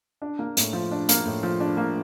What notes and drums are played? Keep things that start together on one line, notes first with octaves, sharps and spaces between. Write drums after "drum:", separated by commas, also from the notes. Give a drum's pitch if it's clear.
D4
A#3
A2, drum: hi-hat
F3
D4
A#3, drum: hi-hat
A2
F3
D4
A#3